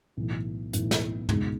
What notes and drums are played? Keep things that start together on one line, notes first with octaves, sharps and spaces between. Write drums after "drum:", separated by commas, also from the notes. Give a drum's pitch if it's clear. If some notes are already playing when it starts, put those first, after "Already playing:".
B1 A2 E3
B1 A2 E3, drum: hi-hat
drum: snare
C#2 B2 G#3 D#4, drum: tom